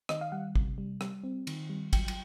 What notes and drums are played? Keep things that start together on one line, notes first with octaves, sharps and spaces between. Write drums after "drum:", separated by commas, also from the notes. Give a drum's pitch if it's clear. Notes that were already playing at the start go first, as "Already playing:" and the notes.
D#3 D#5, drum: rim click
F5
G3 F#5
C3, drum: kick
G3
G3, drum: rim click
C4
D#3, drum: cymbal
G3
F#3 G5, drum: kick, cymbal
drum: cymbal